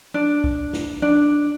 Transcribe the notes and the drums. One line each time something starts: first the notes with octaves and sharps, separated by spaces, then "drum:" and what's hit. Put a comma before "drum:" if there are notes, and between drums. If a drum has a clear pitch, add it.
D4
drum: kick
drum: snare
D4